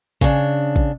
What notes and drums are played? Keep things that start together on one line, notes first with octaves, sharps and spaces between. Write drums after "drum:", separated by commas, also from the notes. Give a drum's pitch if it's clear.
C#3 D4, drum: kick
drum: kick